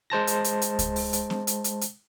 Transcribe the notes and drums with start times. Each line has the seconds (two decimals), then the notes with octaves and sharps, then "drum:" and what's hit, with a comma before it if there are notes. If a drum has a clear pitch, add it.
0.10 G#3 C5 A5 A#6
0.27 drum: hi-hat
0.44 drum: hi-hat
0.62 drum: hi-hat
0.79 drum: kick C#2, hi-hat
0.96 drum: open hi-hat
1.13 drum: hi-hat
1.30 drum: snare
1.47 drum: hi-hat
1.64 drum: hi-hat
1.81 drum: hi-hat